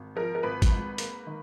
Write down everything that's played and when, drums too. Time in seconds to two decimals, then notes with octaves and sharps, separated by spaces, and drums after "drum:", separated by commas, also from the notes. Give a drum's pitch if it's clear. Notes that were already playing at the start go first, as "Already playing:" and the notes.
Already playing: G#1
0.16 F3 A#4
0.35 A#4
0.43 G#1 B4
0.62 drum: kick, hi-hat
0.72 G#2
0.98 A#3, drum: hi-hat
1.27 D#3